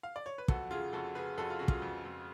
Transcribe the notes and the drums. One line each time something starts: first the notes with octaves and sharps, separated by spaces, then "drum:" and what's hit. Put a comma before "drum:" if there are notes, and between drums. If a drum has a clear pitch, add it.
F5
D5
C#5
B4
F2 F#4 A4, drum: kick
C#3 F4 G#4
F2 F#4 A4
C#3 G#4 B4
F2 F#4 A4
F4
C#3 F#4
F4 G#4, drum: kick
F2
F2